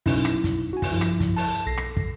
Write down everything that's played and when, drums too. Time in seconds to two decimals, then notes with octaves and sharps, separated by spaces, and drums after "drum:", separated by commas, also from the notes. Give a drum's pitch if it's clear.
0.06 B2 F#3 C#4 D#4 E4, drum: kick, open hi-hat
0.25 drum: rim click
0.44 drum: kick, hi-hat
0.73 F#4 G#5
0.82 drum: kick, open hi-hat
0.91 G2 F3 E4
1.01 drum: rim click
1.20 drum: kick, hi-hat
1.36 A5, drum: open hi-hat
1.66 B1 A4 A#6 C7
1.77 drum: rim click
1.97 drum: kick